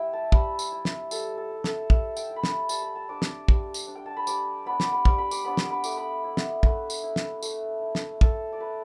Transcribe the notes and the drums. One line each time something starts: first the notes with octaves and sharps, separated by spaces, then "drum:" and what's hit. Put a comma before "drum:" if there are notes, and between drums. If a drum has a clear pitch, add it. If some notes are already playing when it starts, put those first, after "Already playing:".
Already playing: G3 E4 E5 G5
A5
G3 B5, drum: kick
drum: tambourine
E4
drum: snare
G3 A4, drum: tambourine
A4
E4
A4, drum: snare
G3 E5, drum: kick
G5, drum: tambourine
E4
B5
A5, drum: snare
G3 A5, drum: tambourine
B5
A5
D4 D6
drum: snare
G3, drum: kick
drum: tambourine
D4
G5
A5
B5
G3 D6, drum: tambourine
B3 D4 B5
D6, drum: snare
B5
G3 D6, drum: kick
B5
D6, drum: tambourine
B3 D4 B5
D6, drum: snare
B5
A3 D6, drum: tambourine
B5
E4
drum: snare
A3 B4, drum: kick
drum: tambourine
E4
drum: snare
A3, drum: tambourine
E4
drum: snare
A3 A4, drum: kick
D5
E4 B4